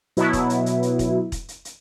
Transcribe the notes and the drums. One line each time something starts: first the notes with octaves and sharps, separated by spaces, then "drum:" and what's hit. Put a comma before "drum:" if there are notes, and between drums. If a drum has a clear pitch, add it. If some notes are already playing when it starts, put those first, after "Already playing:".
B2 F#3 B3 E4, drum: hi-hat
drum: kick E1, hi-hat
drum: hi-hat
drum: hi-hat
drum: hi-hat
drum: kick E1, hi-hat
drum: kick E1, hi-hat
drum: hi-hat
drum: hi-hat